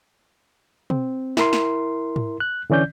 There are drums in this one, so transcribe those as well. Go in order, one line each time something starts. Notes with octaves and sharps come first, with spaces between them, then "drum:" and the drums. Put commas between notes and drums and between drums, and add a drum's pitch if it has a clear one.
C4, drum: tom
E4 A#4 C6, drum: snare
drum: snare
drum: tom G#2
F#6
D3 E3 C#4 D5 G6